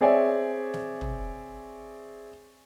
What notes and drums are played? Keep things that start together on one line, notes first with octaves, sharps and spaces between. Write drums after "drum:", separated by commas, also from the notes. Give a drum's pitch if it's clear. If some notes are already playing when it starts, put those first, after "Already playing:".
C4 G#4 C#5 D5 E5 G#5
drum: snare
drum: tom